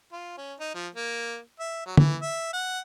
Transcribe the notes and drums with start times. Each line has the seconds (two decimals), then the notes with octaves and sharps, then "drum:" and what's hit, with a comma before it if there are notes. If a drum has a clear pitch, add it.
0.12 F4
0.37 C#4
0.60 D#4
0.75 F3
0.95 A#3
1.60 E5
1.86 F#3
1.97 E3, drum: tom D3
2.22 E5
2.53 F#5